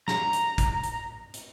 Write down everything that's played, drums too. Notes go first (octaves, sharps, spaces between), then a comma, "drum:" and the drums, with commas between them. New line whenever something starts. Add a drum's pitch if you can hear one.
A#5, drum: snare
drum: hi-hat
drum: kick, hi-hat
drum: hi-hat
drum: hi-hat